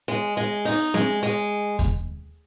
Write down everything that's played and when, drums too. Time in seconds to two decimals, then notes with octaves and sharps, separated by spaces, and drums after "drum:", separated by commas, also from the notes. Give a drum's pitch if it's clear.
0.08 G#3
0.37 G#3
0.65 D#4, drum: open hi-hat
0.94 G#3, drum: snare C4
1.23 G#3, drum: hi-hat
1.79 drum: kick D#2, hi-hat